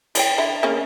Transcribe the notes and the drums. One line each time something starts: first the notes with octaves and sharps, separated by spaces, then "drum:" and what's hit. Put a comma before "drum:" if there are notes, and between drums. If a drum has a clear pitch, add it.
E3 C#5 G5, drum: cymbal
D3 E4
C#3 A#3 C#4